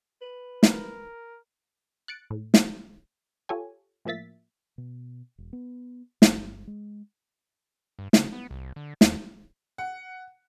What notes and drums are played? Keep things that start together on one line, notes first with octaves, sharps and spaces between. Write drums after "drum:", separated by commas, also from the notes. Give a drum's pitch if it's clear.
B4
A#4, drum: snare
F#6 A6 C#7 D7
A2
drum: snare
F4 G4 A4 C#5 G#5
A2 F3 A#3 E5 A6 B6
B2
E1
B3
G1, drum: snare
G#3
G2
C#3, drum: snare
B3
C2
D3
D#2, drum: snare
F#5